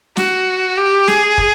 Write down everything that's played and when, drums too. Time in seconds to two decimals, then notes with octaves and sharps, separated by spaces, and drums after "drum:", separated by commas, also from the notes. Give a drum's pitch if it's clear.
0.17 F#4, drum: snare
0.77 G4
1.07 G#4, drum: snare
1.38 drum: kick